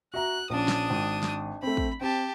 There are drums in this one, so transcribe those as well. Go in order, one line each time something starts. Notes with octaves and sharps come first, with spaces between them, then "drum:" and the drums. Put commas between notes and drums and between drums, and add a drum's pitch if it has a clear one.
F#4 E5 A#5 F#6
A#1 C#4 D4 D#6
drum: snare
G#1
drum: snare
A3 C4 B5
drum: kick
C4 G4 A5